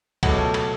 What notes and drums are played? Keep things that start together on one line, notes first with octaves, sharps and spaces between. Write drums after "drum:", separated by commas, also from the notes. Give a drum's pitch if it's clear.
C#2 B2 F#3 A3 F#5, drum: kick C#2, cymbal
A5
A5, drum: cymbal